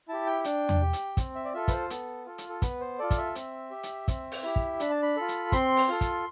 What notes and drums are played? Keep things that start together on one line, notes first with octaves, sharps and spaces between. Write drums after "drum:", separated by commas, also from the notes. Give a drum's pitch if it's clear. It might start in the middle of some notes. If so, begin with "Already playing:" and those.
E4 G4 A5
G5
D4 G5, drum: hi-hat
drum: tom E2
G4
drum: hi-hat
C4, drum: kick, hi-hat
E5
D5
F4 A4 E5
B4, drum: kick, hi-hat
C5
B3 A4, drum: hi-hat
F4 A4
drum: hi-hat
A4
B3 B4, drum: kick, hi-hat
C5
F4 A4 D5
F5, drum: kick, hi-hat
E5
C4, drum: hi-hat
G4
drum: hi-hat
C4, drum: kick, hi-hat
drum: open hi-hat
E4 G4
drum: kick
D4 B5, drum: hi-hat
A5
B5
F4 A4
drum: hi-hat
C4 C6, drum: kick, hi-hat
drum: open hi-hat
F4 A4
drum: kick, hi-hat